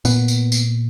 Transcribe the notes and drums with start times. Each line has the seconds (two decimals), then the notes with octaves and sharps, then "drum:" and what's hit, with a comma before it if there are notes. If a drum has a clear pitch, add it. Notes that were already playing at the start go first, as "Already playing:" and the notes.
0.05 A#2 B3, drum: tambourine
0.28 drum: tambourine
0.52 drum: tambourine